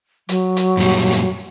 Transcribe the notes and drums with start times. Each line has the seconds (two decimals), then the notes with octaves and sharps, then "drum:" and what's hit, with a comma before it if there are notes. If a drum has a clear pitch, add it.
0.29 F#3, drum: hi-hat
0.57 drum: hi-hat
0.77 F#2 A#2 G3
1.12 drum: hi-hat